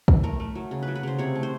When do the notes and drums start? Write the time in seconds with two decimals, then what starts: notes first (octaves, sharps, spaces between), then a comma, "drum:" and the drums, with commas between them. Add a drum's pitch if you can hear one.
0.08 drum: kick
0.23 A3 A#4
0.40 A3
0.55 F#3
0.71 C#3
0.83 B4
0.88 F#3
0.96 B4
1.03 C#3 C5
1.18 C3 C#5
1.35 A3
1.43 C5